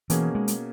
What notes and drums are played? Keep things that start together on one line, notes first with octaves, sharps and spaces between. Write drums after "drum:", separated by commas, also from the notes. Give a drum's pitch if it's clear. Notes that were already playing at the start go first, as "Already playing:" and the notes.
B2 E3 A#3 C#4 G#4, drum: hi-hat
G#3
drum: hi-hat